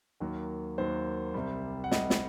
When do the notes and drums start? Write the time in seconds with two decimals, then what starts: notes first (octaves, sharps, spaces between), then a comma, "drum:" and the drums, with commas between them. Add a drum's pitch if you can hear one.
0.20 D#2 D#3 F#3 A#3
0.78 D#2 D#3 F#3 A#3 C5
1.34 C2 C3 G3
1.84 F#5
1.91 C2 C3 G3 D#5, drum: snare
2.10 drum: snare